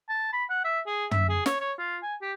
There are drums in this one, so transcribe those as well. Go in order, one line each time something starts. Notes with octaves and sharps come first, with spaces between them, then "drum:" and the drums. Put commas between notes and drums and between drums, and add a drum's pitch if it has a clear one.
A5
B5
F#5
E5
G#4
E5, drum: tom
G#4
C#5, drum: snare
C#5
F4
G#5
G4